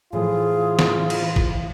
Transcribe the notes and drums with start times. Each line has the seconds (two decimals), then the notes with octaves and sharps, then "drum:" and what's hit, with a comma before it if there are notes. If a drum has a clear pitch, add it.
0.13 A2 E3 F3 F4 G#4
0.79 drum: snare
1.10 drum: cymbal
1.36 drum: kick G#1